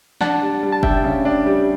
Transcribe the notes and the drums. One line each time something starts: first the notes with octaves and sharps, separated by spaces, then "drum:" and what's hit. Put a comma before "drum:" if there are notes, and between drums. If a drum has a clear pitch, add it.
D4 F#5 A5, drum: snare
G3
G3
A5
D4 E5 G5, drum: kick
C#3
D4
G3